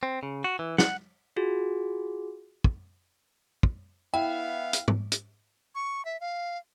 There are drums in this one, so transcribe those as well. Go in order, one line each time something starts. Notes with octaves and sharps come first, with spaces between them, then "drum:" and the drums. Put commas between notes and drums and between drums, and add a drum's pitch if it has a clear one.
C4
C#3
F#4
E3
F#5, drum: snare
F4 F#4 G#4
drum: kick
drum: kick
B3 E4 F5 G5
drum: hi-hat
drum: tom
drum: hi-hat
C#6
E5
F5